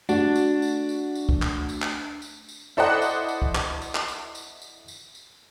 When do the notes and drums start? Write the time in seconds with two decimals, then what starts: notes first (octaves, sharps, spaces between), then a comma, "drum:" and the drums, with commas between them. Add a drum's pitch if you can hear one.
0.09 A3 D4 F#4, drum: tambourine
0.36 drum: tambourine
0.62 drum: tambourine
0.89 drum: tambourine
1.15 drum: tambourine
1.29 drum: kick
1.42 drum: clap
1.69 drum: tambourine
1.82 drum: clap
2.22 drum: tambourine
2.49 drum: tambourine
2.77 E4 A4 C5 D5 D#5 F#5
3.02 drum: tambourine
3.28 drum: tambourine
3.42 drum: kick
3.55 drum: clap
3.82 drum: tambourine
3.95 drum: clap
4.08 drum: tambourine
4.35 drum: tambourine
4.62 drum: tambourine
4.88 drum: tambourine
5.15 drum: tambourine